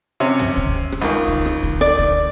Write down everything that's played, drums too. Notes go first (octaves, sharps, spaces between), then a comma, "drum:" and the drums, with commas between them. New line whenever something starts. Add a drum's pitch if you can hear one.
C3 C#4
drum: tom
drum: kick C#2
drum: rim click
C#2 D#3
drum: kick C#2
drum: rim click
drum: kick C#2
D5
drum: kick C#2